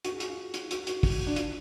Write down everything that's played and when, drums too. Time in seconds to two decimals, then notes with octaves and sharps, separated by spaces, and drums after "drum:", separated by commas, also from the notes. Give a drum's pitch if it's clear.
0.05 F#4, drum: hi-hat
0.12 G#4
0.20 F#4, drum: hi-hat
0.30 F4
0.54 drum: hi-hat
0.71 F#4, drum: hi-hat
0.87 F#4, drum: hi-hat
1.03 drum: kick, open hi-hat
1.27 D4
1.36 F4, drum: hi-hat